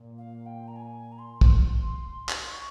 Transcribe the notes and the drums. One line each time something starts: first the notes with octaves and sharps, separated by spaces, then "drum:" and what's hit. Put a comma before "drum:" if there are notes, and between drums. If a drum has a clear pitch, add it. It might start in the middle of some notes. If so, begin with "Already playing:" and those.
Already playing: A#2
F5
G5
A#5
G#5
A#5
C6
drum: kick
drum: clap
C6
C#6